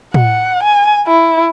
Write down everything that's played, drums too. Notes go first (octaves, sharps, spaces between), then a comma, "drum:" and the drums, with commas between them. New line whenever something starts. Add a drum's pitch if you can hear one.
F#5, drum: tom A2
G#5
E4